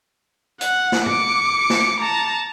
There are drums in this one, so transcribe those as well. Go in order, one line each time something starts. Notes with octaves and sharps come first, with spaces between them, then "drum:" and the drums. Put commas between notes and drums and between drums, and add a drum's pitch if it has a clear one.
F#5, drum: hi-hat
drum: snare
D6 C#7, drum: tom G#2
drum: snare
A5 A#5